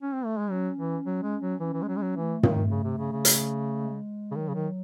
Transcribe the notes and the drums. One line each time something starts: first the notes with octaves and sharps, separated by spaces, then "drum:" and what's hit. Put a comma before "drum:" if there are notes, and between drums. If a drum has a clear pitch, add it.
C#4
C4
A3
G#3
F#3 C#4
E3
F#3
G#3
F#3
E3 C#4
E3
G#3
F#3
G#3
F#3
E3 A3
D#3, drum: tom
C#3
C3
C#3
C#3
drum: hi-hat
G#3
C#3
D#3 F#3
C#3
D#3